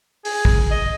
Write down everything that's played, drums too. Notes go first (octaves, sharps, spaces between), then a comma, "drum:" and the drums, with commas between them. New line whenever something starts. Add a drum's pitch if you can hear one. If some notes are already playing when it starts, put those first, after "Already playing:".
G#4, drum: open hi-hat
drum: kick
D#5